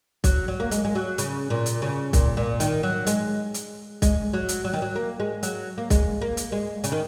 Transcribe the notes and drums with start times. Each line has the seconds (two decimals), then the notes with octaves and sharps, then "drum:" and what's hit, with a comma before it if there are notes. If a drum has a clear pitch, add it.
0.24 F#3, drum: kick B1, hi-hat
0.48 F#3
0.60 A#3
0.71 G#3, drum: hi-hat
0.85 G#3
0.95 F#3
1.18 C#3, drum: hi-hat
1.50 A#2
1.66 drum: hi-hat
1.82 C#3
2.13 A#2, drum: kick B1, hi-hat
2.37 A#2
2.60 D#3, drum: hi-hat
2.83 F#3
3.07 G#3, drum: hi-hat
3.54 drum: hi-hat
4.02 G#3, drum: kick B1, hi-hat
4.33 F#3
4.49 drum: hi-hat
4.65 F#3
4.73 D#3
4.82 F#3
4.96 A#3
5.20 G#3
5.43 F#3, drum: hi-hat
5.78 A#3
5.90 G#3, drum: kick B1, hi-hat
6.21 A#3
6.37 drum: hi-hat
6.52 G#3
6.84 C#3, drum: hi-hat
6.92 D#3